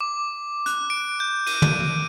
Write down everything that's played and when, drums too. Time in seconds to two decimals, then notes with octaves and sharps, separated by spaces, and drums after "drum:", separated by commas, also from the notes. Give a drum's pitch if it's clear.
0.01 D6
0.66 F#6, drum: hi-hat
0.90 D7
1.20 G6
1.47 D#7, drum: cymbal
1.62 drum: tom